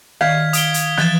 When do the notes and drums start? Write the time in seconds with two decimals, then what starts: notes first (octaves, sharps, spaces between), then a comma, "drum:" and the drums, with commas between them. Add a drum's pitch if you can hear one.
0.21 D#3 D5 F5 G#6 B6
0.53 D#6 D7 G7, drum: hi-hat
0.74 drum: hi-hat
0.98 E3 F3 F#6 A6 E7, drum: snare